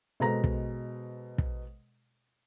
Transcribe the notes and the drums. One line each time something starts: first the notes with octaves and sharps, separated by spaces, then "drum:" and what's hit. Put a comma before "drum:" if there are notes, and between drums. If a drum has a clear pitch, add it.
B2 G#3 A4 C5 A#5 A#6
drum: kick
drum: kick